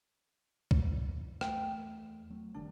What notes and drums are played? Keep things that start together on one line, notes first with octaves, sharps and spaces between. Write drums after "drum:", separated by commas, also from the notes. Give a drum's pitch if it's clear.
drum: kick
E2 A3 G5, drum: rim click
F#3 A3 C4
F#1 D#3 G3 D4